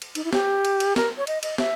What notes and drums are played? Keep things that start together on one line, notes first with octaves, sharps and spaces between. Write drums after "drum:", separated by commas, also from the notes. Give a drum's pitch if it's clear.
drum: cymbal
D#4, drum: cymbal
E4
G4, drum: snare
drum: cymbal
drum: cymbal
A#4, drum: snare
C#5
D#5, drum: cymbal
D#5, drum: cymbal
E5, drum: snare